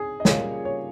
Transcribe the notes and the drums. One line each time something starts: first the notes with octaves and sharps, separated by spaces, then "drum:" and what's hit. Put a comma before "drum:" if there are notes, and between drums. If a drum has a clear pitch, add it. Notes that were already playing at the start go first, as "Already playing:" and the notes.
Already playing: G#4
D#5
C#3 G3 A#3 F4 G#4 C#5, drum: snare
C#5